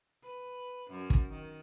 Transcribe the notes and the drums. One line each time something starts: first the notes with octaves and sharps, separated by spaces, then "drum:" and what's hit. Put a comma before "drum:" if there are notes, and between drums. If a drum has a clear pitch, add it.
B4
F#2
drum: kick
D#3